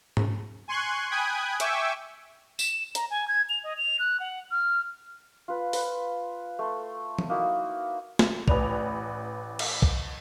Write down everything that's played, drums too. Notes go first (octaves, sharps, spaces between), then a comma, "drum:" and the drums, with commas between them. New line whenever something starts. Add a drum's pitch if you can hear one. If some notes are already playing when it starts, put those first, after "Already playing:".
drum: tom G#2
G#5 C6 C#6 F#6 G#6
G5 G#5 B5 D#6 F#6 G#6
E5 G5 G#5 C#6 D6 E6, drum: hi-hat
E7, drum: tambourine
A#5, drum: hi-hat
G#5
G#6
F7
D#5
F7
F#6
F#5
F6
F4 B4
B4, drum: open hi-hat
A3 C6
drum: tom E3
A#3 D#4 E4 F#4
drum: snare
A1 B4 D5 F7, drum: kick
drum: cymbal
drum: kick